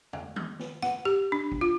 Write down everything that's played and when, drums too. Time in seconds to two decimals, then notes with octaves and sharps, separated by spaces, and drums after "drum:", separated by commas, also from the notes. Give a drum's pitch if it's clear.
0.13 drum: tom
0.36 drum: tom D#3
0.59 drum: snare
0.82 F#5, drum: snare
1.05 G4
1.32 D4
1.52 drum: kick
1.61 F4